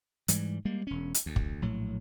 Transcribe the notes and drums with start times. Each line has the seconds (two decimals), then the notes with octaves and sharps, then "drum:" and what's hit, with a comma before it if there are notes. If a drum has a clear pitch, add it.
0.28 G#2 E3 G3, drum: hi-hat
0.65 G3 G#3 A#3
0.87 E1 C#4
1.14 drum: hi-hat
1.26 D2
1.36 drum: kick
1.62 A#1 A2 F#3